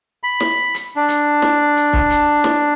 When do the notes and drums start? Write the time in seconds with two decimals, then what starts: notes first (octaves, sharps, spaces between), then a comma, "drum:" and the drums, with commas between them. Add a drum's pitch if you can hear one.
0.23 B5
0.40 drum: snare
0.74 drum: hi-hat
0.96 D4
1.08 drum: hi-hat
1.42 drum: snare
1.76 drum: hi-hat
1.93 drum: kick
2.10 drum: hi-hat
2.44 drum: snare